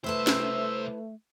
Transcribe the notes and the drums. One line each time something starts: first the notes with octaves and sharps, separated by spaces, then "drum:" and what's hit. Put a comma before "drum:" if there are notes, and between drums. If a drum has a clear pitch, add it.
C2 A3 E4 B4 C5 E5 A5 E6
drum: snare